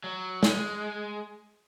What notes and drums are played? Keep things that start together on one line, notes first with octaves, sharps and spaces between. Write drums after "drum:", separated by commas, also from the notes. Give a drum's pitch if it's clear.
F#3
G#3, drum: snare